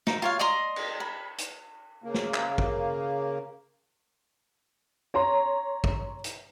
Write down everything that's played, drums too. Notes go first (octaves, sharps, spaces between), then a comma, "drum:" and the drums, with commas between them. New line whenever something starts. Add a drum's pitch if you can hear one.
D#4, drum: snare
F4 C#5 F5
D5 D#5 A#5 C6
drum: cymbal
B5
drum: hi-hat
C#3 A#3
drum: snare
drum: clap
drum: kick
C#5 A#5 C6
drum: kick
drum: hi-hat